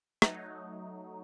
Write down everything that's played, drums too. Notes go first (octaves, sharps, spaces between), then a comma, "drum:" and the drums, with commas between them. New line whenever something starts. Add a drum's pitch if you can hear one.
F#3 A3 D#4, drum: rim click